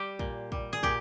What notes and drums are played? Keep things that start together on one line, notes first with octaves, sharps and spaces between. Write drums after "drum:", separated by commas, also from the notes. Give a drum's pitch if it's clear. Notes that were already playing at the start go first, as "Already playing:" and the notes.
Already playing: G3 G4
A#2, drum: kick
G3, drum: kick
G#4
A#2 G4, drum: kick